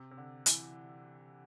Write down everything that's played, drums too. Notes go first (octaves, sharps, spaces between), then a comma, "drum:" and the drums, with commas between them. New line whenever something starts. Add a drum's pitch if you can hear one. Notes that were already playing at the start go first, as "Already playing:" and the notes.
Already playing: C3
C3
D3
E3, drum: hi-hat